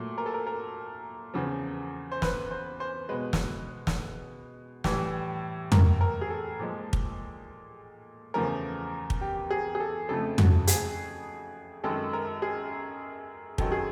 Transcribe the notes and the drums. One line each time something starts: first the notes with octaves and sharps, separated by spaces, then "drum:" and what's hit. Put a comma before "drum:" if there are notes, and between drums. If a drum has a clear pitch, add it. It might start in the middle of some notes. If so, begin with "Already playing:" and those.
Already playing: A#2 F#3 A3
A#4
A4
A#4
A#4
E2 C#3 F3
C5
B4, drum: snare
C5
C5
B2 G#3 B4
drum: snare
drum: snare
A2 E3 G3, drum: snare
A#4, drum: tom
A#4
G#4
A4
A#2 F3 G#3
drum: kick
E2 C#3 F3 A3 A#4
drum: kick
G4
G#4
G#4
A4
F2 C#3 F3 A3 A4
F#4, drum: tom
G#4, drum: hi-hat
F#2 D#3 G#3 A4
A#4
G#4
F#2 D#3 F#3 A4, drum: kick
G#4